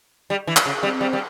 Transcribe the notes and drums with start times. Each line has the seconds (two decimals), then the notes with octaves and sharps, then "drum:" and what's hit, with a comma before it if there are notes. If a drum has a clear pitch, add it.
0.30 G3
0.47 E3
0.56 drum: clap
0.66 C#3
0.83 G3 C4
1.01 G3
1.13 G3